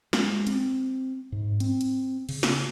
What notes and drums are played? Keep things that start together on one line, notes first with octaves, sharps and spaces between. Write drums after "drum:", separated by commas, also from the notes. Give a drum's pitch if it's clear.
G#3, drum: snare
C4, drum: hi-hat
G#2
C4, drum: hi-hat
drum: hi-hat
C#3, drum: cymbal
drum: snare